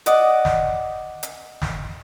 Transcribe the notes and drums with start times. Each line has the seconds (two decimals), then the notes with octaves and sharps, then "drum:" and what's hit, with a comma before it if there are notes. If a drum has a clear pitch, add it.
0.06 D5 D#5 F#5 D6 D#6, drum: hi-hat
0.45 drum: snare
1.23 drum: hi-hat
1.62 drum: snare